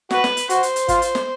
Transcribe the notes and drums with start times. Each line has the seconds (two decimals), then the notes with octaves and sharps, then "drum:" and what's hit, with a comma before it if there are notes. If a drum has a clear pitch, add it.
0.11 F#4 B4, drum: snare
0.24 drum: snare
0.37 drum: hi-hat
0.50 F#4 C5, drum: hi-hat
0.63 drum: hi-hat
0.76 drum: hi-hat
0.88 F4, drum: kick, hi-hat
1.02 drum: hi-hat
1.15 drum: snare